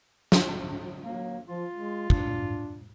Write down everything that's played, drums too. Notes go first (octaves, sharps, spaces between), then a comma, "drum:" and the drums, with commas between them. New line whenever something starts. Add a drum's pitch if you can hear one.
drum: snare
F#3 A#3
F3 F4
G#3
D4, drum: kick